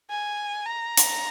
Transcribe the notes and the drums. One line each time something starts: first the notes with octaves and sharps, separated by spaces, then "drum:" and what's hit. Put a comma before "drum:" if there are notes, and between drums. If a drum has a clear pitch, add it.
G#5
A#5
drum: hi-hat